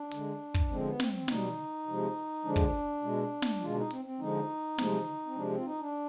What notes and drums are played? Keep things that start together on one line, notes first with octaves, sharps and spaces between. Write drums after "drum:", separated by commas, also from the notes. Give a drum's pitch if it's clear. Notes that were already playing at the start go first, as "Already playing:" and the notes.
Already playing: D4
D3 G#3, drum: hi-hat
drum: kick
D3 F3 G#3 C4
B3
C4, drum: snare
C4
B2 G3 D#4, drum: snare
C3 F3 G#3
D3 F3 G#3 D4
drum: kick
B2 G#3
drum: snare
B2 G#3 F4
D4
D#4
C4, drum: hi-hat
C4
D3 F3 G#3 D#4
C3 F3 G#3, drum: snare
C4
C3 F3 G#3 D4
C4
F4
D#4
D4